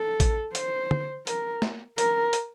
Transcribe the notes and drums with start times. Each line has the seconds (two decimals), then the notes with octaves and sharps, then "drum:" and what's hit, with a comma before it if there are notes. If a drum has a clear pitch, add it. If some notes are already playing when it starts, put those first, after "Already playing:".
Already playing: A4
0.20 drum: kick A1, hi-hat
0.55 C5, drum: hi-hat
0.91 drum: tom
1.27 A#4, drum: hi-hat
1.62 drum: snare
1.98 A#4, drum: hi-hat
2.33 drum: hi-hat